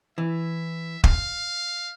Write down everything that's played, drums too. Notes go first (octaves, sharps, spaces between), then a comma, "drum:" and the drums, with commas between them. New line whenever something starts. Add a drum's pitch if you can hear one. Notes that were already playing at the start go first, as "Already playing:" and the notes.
E3 E5
F5, drum: kick